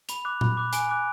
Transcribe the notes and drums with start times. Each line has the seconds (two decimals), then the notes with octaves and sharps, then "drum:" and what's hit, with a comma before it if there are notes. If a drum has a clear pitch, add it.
0.09 B5 F7, drum: hi-hat
0.25 D6 F#6
0.41 B5, drum: tom A#2
0.57 D6 F#6
0.73 G#5 D7, drum: hi-hat
0.89 D6 F#6